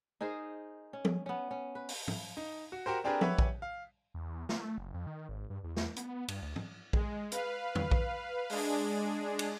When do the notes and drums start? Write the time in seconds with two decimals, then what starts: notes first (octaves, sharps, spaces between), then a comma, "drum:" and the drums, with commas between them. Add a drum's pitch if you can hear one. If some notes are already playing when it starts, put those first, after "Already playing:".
0.21 D#4 G#4 A#4 C5
0.93 C#4
1.05 drum: tom
1.26 B3 C#4
1.51 C#4
1.75 B4
1.89 drum: open hi-hat
2.08 drum: tom
2.37 D#4
2.72 F#4
2.86 F#4 G4 A#4 C5
3.04 C4 D4 G4 G#4 A#4 B4
3.21 G4 B4 C#5 E5 F#5, drum: tom
3.38 drum: kick A#1
3.62 F5
4.14 E2
4.49 A#3, drum: snare
4.61 A3
4.78 F#1
4.94 F2
5.07 D#3
5.29 G#1
5.50 G2
5.64 E2
5.77 drum: snare
5.96 B3, drum: hi-hat
6.28 G2, drum: cymbal
6.42 D2
6.56 drum: tom
6.93 G#3, drum: kick A#1
7.32 B4 F5, drum: hi-hat
7.75 drum: tom E2
7.91 drum: kick A#1
8.50 G#3 D4 G#4, drum: open hi-hat
9.39 drum: cymbal